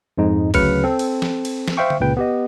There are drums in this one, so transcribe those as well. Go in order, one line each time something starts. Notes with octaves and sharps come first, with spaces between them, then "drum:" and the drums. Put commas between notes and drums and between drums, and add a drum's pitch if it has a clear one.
F2 G#2 G#3 D#4
D2 C#3 F#3 B4 F6 C#7, drum: kick, cymbal
C4 A4
drum: cymbal
drum: snare
drum: cymbal
drum: snare
C5 E5 F5 G5 C#6
drum: tom D3
C#2 A#2 C#3 B4 G5
B3 G4 D#5